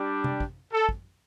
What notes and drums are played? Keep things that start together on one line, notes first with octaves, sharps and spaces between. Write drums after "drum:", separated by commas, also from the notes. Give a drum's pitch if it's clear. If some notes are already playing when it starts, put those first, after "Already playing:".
Already playing: G3 D4 G4
drum: tom C3
drum: kick
A4
drum: kick